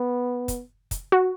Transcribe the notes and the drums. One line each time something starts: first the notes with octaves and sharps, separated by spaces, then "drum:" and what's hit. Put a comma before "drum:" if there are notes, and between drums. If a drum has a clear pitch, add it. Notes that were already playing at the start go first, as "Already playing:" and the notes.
Already playing: B3
drum: kick, hi-hat
drum: kick, hi-hat
F#4